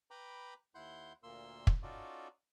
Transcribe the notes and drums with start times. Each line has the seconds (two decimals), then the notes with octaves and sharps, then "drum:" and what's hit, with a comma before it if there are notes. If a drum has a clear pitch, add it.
0.11 B4 G5 A#5 B5 D6
0.75 D#2 E4 F#5 C6 G6
1.23 D2 A#2 A#3 C6 E6
1.67 drum: kick
1.83 C#4 D#4 F4 F#4 A4 D5